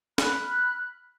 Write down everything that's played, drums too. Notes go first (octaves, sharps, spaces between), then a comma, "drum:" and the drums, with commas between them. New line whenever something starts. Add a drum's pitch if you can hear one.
B5 F6 F#6, drum: snare